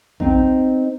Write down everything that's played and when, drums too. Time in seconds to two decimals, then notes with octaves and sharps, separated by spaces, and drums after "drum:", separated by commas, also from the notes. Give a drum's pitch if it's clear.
0.20 C4 D#4, drum: kick